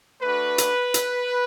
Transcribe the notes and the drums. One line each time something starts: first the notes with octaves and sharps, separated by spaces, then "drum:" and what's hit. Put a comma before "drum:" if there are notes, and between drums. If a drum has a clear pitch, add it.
A3 D4 F#4 B4
drum: hi-hat
drum: hi-hat